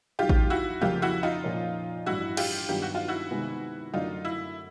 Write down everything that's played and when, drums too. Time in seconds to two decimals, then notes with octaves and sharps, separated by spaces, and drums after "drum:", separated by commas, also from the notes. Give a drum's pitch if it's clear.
0.19 D#2 D#3 F#3 F4 G4
0.29 drum: kick A1
0.50 E4 F#4
0.81 F2 C#3 F3 A#3 F4 G4, drum: tom
1.02 E4 F#4
1.23 D#4 F4
1.44 A#2 F3 A#3 C#4
2.06 A1 G2 E3 E4 F#4
2.37 F4 G4, drum: cymbal
2.68 G2 D#3 F#3 B3 D#4 G4
2.82 F#4
2.95 F4
3.08 E4 F#4
3.31 C3 D#3 G#3 B3
3.93 F#2 D3 F#3 A3 D4 D#4 F4
4.25 E4